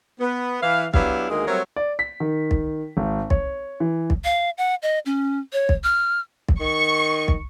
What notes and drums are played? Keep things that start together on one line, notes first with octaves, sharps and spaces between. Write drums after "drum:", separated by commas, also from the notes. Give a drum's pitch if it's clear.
B3
E3 F5
F#3 B3 D4 E4 G4 F5, drum: kick
D2 D#3 G#3 A#3 G#4
F#3 G3 A3 C4 A#4 C#5
D5
B6
D#3
drum: kick
G#1
C#5, drum: kick
E3
drum: kick
F5
F#5
D#5
C#4
C#5
drum: kick
F6
drum: kick
D#3 C#6
drum: kick